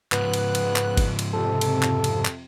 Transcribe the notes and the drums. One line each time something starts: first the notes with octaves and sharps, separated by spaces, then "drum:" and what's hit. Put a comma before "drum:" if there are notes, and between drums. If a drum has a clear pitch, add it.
G#2 C#3 F3 B3 F#6, drum: clap
drum: cymbal
drum: cymbal
drum: clap
drum: kick G1, cymbal
drum: cymbal
F2 C3 A4
drum: cymbal
drum: clap
drum: cymbal
drum: clap